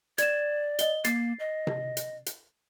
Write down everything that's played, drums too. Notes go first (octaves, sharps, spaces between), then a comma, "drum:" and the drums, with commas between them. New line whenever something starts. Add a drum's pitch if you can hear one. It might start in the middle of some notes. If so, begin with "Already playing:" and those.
D5 G#6 E7, drum: hi-hat
D#5 G7, drum: hi-hat
A#3 A6 C7, drum: hi-hat
D#5
drum: tom C3
drum: hi-hat
drum: hi-hat